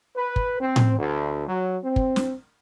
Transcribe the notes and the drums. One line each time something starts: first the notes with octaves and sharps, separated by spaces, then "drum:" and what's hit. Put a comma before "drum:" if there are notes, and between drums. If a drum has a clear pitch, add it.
B4
drum: kick
C4
drum: tom A2
D2
F#3
C4
drum: kick
drum: snare